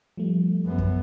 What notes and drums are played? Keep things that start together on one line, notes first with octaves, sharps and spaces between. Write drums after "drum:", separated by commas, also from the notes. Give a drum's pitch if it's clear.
F3 G3 A3
F#2 B3
drum: kick